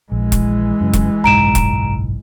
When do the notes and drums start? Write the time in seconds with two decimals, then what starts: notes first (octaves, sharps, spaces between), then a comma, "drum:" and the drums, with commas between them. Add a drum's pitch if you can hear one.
0.12 A#1 E3 G#3
0.32 drum: kick E1, hi-hat
0.81 F#2 C#3
0.93 drum: kick E1, hi-hat
1.24 F#1 B1 G#2 A#5 D7 E7
1.55 drum: kick E1, hi-hat